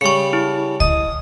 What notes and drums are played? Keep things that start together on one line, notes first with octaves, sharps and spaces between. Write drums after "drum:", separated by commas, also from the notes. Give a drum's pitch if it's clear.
C#3 G3 C#6 C#7
E4
D#5 D#6, drum: kick C#2